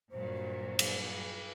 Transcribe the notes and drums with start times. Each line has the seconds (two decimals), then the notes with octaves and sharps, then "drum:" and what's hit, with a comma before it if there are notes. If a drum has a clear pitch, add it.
0.11 G2 A#2 F#3 C5
0.79 drum: cymbal